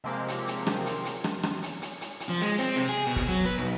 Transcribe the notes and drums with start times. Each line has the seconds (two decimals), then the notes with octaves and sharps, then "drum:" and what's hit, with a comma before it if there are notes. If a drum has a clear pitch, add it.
0.04 C3 F3 G#3 A#3 C4 G4
0.28 drum: hi-hat
0.47 drum: hi-hat
0.67 drum: rim click
0.86 drum: hi-hat
1.05 drum: hi-hat
1.24 drum: rim click
1.43 drum: rim click
1.63 drum: hi-hat
1.82 drum: hi-hat
2.01 drum: hi-hat
2.20 drum: hi-hat
2.29 F3
2.42 G#3, drum: hi-hat
2.58 C4, drum: hi-hat
2.76 C3, drum: hi-hat
2.89 G#4
3.07 B2
3.16 drum: kick, hi-hat
3.28 F#3
3.46 B4
3.58 B1